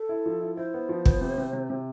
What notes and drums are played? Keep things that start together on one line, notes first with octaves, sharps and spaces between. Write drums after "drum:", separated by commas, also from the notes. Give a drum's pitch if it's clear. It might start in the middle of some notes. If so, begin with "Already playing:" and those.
Already playing: A4
E4
F3
E4
E4 C5
B3
F3
B3, drum: kick
C3
C3
C3
C3